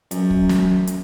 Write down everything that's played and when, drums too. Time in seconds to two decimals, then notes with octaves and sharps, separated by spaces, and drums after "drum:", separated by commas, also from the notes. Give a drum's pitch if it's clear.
0.11 F#2, drum: hi-hat
0.30 drum: kick
0.49 drum: snare
0.87 drum: hi-hat